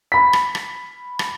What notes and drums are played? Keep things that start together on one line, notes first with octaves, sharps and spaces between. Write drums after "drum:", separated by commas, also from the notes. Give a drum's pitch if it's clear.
B5 B6
drum: rim click
drum: rim click
drum: rim click